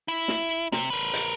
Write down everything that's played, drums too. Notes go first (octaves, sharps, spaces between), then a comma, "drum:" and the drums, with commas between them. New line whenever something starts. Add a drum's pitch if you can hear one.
E4
drum: snare
C3, drum: snare
A#4 B4
drum: hi-hat